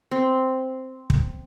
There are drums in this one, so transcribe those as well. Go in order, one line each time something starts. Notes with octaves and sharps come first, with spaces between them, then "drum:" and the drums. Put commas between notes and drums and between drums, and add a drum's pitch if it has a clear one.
C4
drum: kick